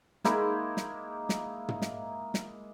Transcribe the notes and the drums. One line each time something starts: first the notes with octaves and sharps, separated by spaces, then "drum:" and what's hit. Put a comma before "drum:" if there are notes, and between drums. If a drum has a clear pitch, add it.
G#3 A#3 D#4 E4, drum: snare
drum: snare
drum: snare
drum: tom
drum: snare
drum: snare